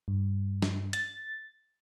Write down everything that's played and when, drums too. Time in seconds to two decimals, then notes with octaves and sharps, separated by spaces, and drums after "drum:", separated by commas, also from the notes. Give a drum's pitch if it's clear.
0.08 G2
0.62 drum: snare
0.93 A6, drum: hi-hat